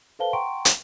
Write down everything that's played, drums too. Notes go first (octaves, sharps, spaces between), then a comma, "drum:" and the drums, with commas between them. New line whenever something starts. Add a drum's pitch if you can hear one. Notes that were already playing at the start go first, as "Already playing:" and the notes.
A4 B4 C5 F5 A5 G7
F#5 G5 A#5 C6 C#6 D7
drum: hi-hat